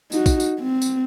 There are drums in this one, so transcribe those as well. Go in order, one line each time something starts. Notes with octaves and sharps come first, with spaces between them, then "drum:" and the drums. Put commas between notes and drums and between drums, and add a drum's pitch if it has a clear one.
D#4 F#4, drum: tambourine
drum: kick, tambourine
drum: tambourine
C4
drum: tambourine